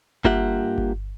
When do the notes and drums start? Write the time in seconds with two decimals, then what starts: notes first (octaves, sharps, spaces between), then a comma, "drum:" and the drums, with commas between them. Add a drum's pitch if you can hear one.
0.25 G2 A#3 F4 G4 E5 F#5, drum: kick G1
0.78 drum: kick G1